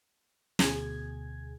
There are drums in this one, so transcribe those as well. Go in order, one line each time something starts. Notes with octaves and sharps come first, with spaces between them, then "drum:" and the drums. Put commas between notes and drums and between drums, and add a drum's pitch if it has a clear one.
D2 B2 G#4 G#6, drum: snare